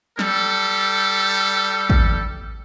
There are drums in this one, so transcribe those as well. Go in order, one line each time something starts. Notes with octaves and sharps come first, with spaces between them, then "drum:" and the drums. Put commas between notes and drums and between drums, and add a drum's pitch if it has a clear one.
G3 A4, drum: snare
drum: kick